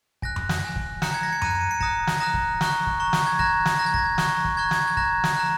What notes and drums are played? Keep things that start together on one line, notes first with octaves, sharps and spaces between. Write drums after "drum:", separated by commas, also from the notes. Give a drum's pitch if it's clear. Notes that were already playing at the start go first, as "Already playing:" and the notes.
G#5 F#6 A#6, drum: kick
drum: tom F#2
drum: snare
G#5 F#6
drum: kick
A#5 F#6 C#7, drum: snare
G#6
A#6
C#7
A#5 F#6 D#7, drum: tom F#2
C#7
D#7
C#7
A#5 D#6 F#6 A#6, drum: kick
drum: snare
A#5 D#6 F#6 A#6
drum: kick
A#5 C#6 F#6, drum: snare
drum: kick
A#5 C#6 F#6
drum: snare
G#6
A#5 F#6 A#6, drum: kick
drum: snare
A#5 F#6 A#6
G#6
A#6, drum: kick
A#5 C#6 F#6, drum: snare
drum: kick
A#5 C#6 F#6 G#6
drum: snare
G#6
A#5 F#6 A#6, drum: kick
drum: snare
A#5 F#6